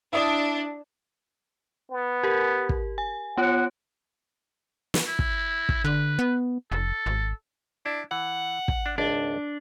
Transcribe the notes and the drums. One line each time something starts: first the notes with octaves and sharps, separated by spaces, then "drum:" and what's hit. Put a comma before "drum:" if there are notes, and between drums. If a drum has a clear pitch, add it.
D4 E4 D#6
B3
G4 A#4
drum: kick
G#5
B3 F4 C#5 F#5
drum: snare
E4
drum: kick
drum: kick
D3 B4
B3
F1 A4
G#1
D4 E4
E3 F#5
drum: kick
D4
G#1 C#2 D4